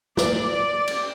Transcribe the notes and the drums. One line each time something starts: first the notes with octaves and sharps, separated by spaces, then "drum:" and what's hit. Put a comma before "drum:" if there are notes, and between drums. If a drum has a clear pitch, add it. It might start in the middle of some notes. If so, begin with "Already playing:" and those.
D5, drum: snare
D5
drum: cymbal